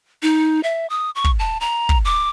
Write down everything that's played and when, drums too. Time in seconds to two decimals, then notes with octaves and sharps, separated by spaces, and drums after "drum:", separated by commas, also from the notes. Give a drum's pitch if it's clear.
0.23 D#4
0.63 E5
0.90 D#6
1.15 C#6
1.24 drum: kick
1.39 A5
1.61 A#5
1.89 drum: kick
2.05 D6